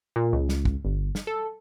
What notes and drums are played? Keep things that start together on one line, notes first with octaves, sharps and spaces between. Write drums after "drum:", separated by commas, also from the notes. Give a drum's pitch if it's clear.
A#2
C#2
drum: snare
drum: kick
G1
drum: snare
A4